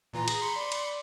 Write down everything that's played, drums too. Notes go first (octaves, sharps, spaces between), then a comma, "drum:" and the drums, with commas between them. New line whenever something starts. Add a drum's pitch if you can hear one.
A#2 E3 F4 A#5
G#4 A#6, drum: cymbal
B5 C6 C#7
D5
drum: cymbal